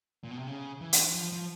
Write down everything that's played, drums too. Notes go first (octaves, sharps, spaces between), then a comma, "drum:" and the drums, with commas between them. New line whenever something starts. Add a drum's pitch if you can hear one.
A#2
B2
C3
C#3
E3
drum: hi-hat
F3
F3